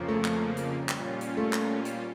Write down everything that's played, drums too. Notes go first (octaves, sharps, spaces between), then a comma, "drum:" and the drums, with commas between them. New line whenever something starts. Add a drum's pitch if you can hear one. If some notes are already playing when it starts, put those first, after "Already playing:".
Already playing: F2 C#3 F3 A#3
A3
drum: clap
drum: hi-hat
A#2 G3 C#4 F4
drum: clap
drum: hi-hat
A3
drum: clap
drum: hi-hat